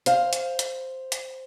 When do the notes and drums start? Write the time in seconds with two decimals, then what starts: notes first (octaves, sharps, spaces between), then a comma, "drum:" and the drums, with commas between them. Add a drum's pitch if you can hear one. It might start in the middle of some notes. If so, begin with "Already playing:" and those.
0.06 C5 F5, drum: hi-hat
0.33 drum: hi-hat
0.59 drum: hi-hat
1.12 drum: hi-hat